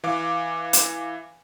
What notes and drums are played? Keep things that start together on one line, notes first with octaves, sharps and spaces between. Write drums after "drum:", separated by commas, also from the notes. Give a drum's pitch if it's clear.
E3 F5 D6
drum: hi-hat